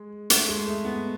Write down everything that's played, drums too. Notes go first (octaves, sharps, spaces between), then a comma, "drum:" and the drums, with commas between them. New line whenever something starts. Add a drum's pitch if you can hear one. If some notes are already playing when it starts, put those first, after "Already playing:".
Already playing: G#3
A3, drum: hi-hat
G#3
A3
B3